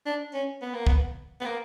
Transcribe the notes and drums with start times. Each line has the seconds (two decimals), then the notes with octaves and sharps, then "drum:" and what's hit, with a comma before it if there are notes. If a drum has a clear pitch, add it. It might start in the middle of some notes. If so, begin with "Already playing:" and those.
0.06 D4
0.34 C#4
0.62 B3
0.74 A#3
0.87 B3, drum: kick
1.41 B3
1.45 A#3